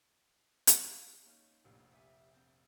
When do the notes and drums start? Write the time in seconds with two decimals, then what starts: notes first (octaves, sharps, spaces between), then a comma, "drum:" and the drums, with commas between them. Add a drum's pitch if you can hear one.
0.67 drum: hi-hat
1.26 A#3 C#4 D#4
1.65 F1 A#1
1.91 G4 E5 G#5
2.36 C4